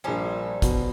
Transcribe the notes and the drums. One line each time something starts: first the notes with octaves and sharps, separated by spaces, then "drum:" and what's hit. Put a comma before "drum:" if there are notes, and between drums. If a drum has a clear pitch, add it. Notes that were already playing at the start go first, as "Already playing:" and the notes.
A#1 F3 G3 A4 G#5
B2, drum: kick, hi-hat